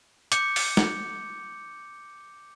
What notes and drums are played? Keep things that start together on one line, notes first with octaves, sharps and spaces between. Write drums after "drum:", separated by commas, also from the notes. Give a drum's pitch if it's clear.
D6 G6 C#7, drum: hi-hat
drum: open hi-hat
drum: snare